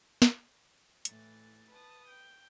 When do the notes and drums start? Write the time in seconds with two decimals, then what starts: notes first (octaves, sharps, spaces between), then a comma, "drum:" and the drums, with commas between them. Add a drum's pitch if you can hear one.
0.22 drum: snare
1.05 A2 E3 A6, drum: hi-hat
1.70 B4 A5 D#6
2.08 G5